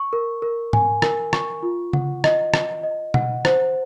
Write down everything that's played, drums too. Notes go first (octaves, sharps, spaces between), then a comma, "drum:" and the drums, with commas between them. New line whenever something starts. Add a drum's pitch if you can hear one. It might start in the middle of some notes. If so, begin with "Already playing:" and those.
Already playing: C#6
A#4
A#4
G#5, drum: tom
A#4, drum: rim click
C#6, drum: rim click
F4
F#5, drum: tom C#3
D#5, drum: rim click
D#5, drum: rim click
D#5
F#5, drum: tom B2
C5, drum: rim click